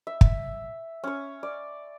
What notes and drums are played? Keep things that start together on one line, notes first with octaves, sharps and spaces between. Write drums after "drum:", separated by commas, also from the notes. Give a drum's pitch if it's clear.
E5
drum: kick
C#4 C#5
D5